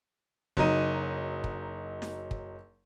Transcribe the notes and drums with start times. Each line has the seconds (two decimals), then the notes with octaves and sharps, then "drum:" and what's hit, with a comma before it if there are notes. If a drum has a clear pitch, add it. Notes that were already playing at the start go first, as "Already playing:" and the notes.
0.57 F#1 F#3 D#4 D#7, drum: kick
1.44 drum: kick
2.02 drum: snare
2.31 drum: kick